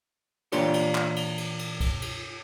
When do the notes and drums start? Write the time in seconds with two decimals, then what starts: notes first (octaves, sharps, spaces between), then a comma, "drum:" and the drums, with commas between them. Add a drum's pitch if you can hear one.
0.52 A#2 E3 D4 F4 G4 C#5, drum: cymbal
0.74 drum: cymbal
0.95 drum: clap
1.16 drum: cymbal
1.38 drum: cymbal
1.59 drum: cymbal
1.80 drum: kick, cymbal
2.02 drum: cymbal